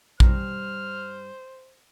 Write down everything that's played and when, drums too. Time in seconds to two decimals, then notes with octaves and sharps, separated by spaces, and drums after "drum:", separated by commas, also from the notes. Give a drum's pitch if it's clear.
0.20 G2 G3 C5 A#5 F6, drum: kick A#1